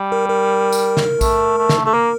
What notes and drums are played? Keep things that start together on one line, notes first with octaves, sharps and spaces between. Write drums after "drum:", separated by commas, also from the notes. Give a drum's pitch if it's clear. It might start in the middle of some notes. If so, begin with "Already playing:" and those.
Already playing: G3
A#4
A#4
drum: tambourine
drum: snare
A3, drum: kick A#1, tambourine
A3
drum: snare
A3 A4
A#3 A#4